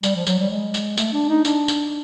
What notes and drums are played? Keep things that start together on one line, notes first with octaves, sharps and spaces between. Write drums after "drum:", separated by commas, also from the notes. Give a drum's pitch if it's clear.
G3, drum: tambourine
F3
F#3, drum: tambourine
G3
G#3
drum: tambourine
A3, drum: tambourine
D4
D#4
D4, drum: tambourine
drum: tambourine